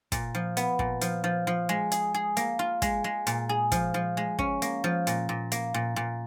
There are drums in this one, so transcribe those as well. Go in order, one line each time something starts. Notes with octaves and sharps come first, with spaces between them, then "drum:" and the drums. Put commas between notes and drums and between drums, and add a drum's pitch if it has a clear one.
A#2, drum: kick, hi-hat
F3
B3, drum: hi-hat
A#2, drum: kick
F3, drum: hi-hat
F3
F3
G#3
G#4, drum: hi-hat
G#4
A#3, drum: hi-hat
F4
G#3, drum: kick, hi-hat
G#3
A#2, drum: hi-hat
G#4
F3, drum: kick, hi-hat
F3
G#3
C#4, drum: kick
A#3, drum: hi-hat
F3
A#2, drum: hi-hat
A#2
A#3, drum: hi-hat
A#2
A#2